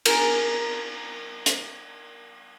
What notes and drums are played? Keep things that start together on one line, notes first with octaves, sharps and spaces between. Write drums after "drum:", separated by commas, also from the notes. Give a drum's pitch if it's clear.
A#4 G#5, drum: cymbal
drum: hi-hat